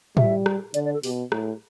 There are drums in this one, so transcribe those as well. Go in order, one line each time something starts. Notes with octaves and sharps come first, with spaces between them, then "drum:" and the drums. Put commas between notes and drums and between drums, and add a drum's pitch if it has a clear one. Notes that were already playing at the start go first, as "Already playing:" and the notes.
G3 E5, drum: tom A2
drum: rim click
D3 D5, drum: hi-hat
D5
A4
B2 G4, drum: open hi-hat
A2, drum: rim click